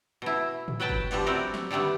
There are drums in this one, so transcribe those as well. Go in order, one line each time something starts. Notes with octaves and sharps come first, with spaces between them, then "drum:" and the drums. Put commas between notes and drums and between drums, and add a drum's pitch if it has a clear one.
B2 E4
drum: tom A2
F#3 B4 G5 A5
drum: kick
B2 D3 F3 G3, drum: open hi-hat
G3 A3 C4 F#4 G4 A#4
drum: snare
D3 D#3 G3 A3 B3